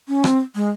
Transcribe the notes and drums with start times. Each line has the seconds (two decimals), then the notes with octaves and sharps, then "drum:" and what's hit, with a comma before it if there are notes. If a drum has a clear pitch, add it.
0.08 C#4
0.24 C4, drum: rim click
0.55 G#3